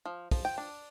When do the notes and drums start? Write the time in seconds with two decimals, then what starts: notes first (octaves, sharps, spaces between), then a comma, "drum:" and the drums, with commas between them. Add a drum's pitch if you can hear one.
0.05 F3
0.31 F3, drum: kick, open hi-hat
0.45 G5
0.58 D4